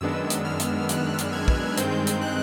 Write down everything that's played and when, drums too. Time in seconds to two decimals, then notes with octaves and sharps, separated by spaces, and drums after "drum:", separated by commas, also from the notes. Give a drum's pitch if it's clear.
0.01 F#2 D#3 G#3 B3 D4 E6
0.30 drum: hi-hat
0.45 F6
0.60 drum: hi-hat
0.89 F#6, drum: hi-hat
1.18 drum: hi-hat
1.33 G#6
1.48 drum: kick
1.77 G2 D#3 G#3 C4 G6, drum: hi-hat
2.07 drum: hi-hat
2.21 F#6